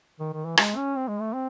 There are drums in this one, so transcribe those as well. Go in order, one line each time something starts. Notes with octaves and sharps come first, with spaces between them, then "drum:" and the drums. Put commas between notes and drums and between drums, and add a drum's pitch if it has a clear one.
D#3
D#3
E3
G#3, drum: rim click
C#4
C4
G#3
A3
C4